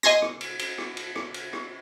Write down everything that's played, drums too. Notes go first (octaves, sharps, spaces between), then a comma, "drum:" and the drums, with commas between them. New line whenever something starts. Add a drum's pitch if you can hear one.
D#5 G#5 C6 G#6 A#6, drum: rim click
drum: rim click
drum: cymbal
drum: cymbal
drum: rim click
drum: cymbal
drum: rim click
drum: cymbal
drum: rim click